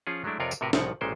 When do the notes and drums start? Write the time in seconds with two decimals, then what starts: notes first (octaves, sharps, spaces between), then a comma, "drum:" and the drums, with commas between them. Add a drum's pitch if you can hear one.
0.07 F3 C#4 F4 G#4
0.24 F#3 G#3 A3 D4 E4
0.40 F2 C3 F4 A#4 C#5 D5
0.51 drum: tambourine
0.61 A2 C3 F#4 A#4 B4
0.73 C2 A2 C#3 F3 F#5, drum: snare
1.01 A1 A#2 G#3 C#4 C5 G5